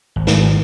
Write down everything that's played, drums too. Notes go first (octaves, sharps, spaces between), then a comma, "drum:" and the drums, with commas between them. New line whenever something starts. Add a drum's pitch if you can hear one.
G#1
drum: snare